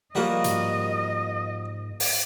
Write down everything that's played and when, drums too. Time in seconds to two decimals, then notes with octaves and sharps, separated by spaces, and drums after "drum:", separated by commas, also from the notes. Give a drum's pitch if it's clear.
0.15 F3 G3 A#3 F#4 A#4 D#5
0.44 G#2, drum: hi-hat
2.00 drum: open hi-hat